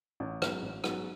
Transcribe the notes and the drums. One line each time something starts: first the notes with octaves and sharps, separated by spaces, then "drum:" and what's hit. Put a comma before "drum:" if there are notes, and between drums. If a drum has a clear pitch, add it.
A1
G#2 F#3 B3 F#4, drum: rim click
A1
G#2 F#3 B3 F#4, drum: rim click